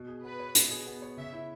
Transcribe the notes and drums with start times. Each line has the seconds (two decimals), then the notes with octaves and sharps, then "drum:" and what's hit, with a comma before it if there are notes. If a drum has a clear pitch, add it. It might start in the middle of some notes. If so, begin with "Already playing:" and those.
Already playing: B2
0.08 G#4
0.23 B3 B4
0.40 C#5
0.55 B2, drum: hi-hat
0.71 G#4
0.86 B3
1.02 C#5
1.17 C#3 E5
1.33 E4